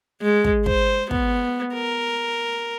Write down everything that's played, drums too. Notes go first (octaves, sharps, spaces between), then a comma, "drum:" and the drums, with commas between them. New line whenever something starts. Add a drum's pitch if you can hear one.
G#3
drum: kick
C5, drum: kick
B3, drum: kick
A#4